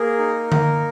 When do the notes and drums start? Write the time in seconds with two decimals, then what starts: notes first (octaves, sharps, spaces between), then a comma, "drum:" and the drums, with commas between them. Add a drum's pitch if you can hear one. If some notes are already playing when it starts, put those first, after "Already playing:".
Already playing: A#3 G#4 A#4
0.19 D#4
0.52 A#3, drum: tom D3